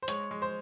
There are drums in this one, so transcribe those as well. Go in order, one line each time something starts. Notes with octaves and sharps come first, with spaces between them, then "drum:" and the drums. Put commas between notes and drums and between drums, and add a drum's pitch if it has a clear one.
C5
G#3 C#5, drum: hi-hat
G#3
C5